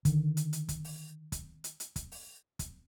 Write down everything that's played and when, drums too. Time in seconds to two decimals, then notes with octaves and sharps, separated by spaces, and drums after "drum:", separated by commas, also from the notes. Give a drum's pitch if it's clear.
0.05 D3 D#3, drum: kick, hi-hat
0.37 drum: hi-hat
0.53 drum: hi-hat
0.69 drum: kick, hi-hat
0.84 drum: open hi-hat
1.32 drum: kick, hi-hat
1.64 drum: hi-hat
1.80 drum: hi-hat
1.96 drum: kick, hi-hat
2.12 drum: open hi-hat
2.59 drum: kick, hi-hat